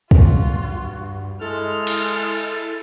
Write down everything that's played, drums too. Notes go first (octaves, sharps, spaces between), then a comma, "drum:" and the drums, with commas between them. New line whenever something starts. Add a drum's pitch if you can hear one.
G2 F4 F#4, drum: kick
G#3 E4 A4 F6
drum: cymbal